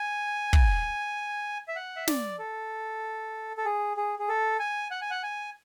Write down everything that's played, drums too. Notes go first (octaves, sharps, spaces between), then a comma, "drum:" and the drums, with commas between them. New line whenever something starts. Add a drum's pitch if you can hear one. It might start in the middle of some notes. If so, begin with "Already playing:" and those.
Already playing: G#5
drum: kick
E5
F#5
E5
D5, drum: snare
A4
A4
G#4
G#4
G#4
A4
G#5
F#5
G#5
F#5
G#5